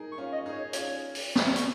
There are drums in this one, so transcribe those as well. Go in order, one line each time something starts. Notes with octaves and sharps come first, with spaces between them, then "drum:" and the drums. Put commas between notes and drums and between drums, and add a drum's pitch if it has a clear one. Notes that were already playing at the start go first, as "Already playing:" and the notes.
Already playing: D#4 G#4 A#4
C#6
C#4 F4
D#5
D#4 G#4
C#5
C#4 F4 C#5, drum: hi-hat
drum: open hi-hat
drum: snare
C#6, drum: hi-hat